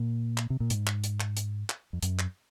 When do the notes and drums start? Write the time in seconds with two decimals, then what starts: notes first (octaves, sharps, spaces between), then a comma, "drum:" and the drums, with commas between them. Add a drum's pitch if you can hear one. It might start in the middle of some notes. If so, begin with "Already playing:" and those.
Already playing: A#2
0.38 drum: clap
0.50 C3
0.60 A#2
0.70 G#2, drum: hi-hat
0.87 drum: clap
1.04 drum: hi-hat
1.20 drum: clap
1.37 drum: hi-hat
1.70 drum: clap
1.93 F2
2.03 F#2, drum: hi-hat
2.19 drum: clap